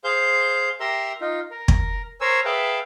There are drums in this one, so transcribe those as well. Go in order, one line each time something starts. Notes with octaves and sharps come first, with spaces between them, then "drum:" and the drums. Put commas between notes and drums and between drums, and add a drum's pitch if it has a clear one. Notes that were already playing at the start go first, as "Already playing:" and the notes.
G#4 C5 F5 G6
G4 A#4 E5 A#5 C6
D#4 F4
A#4
drum: kick
A#4 C5 C#5 G#5 E6
G#4 B4 E5 F5 G5 A5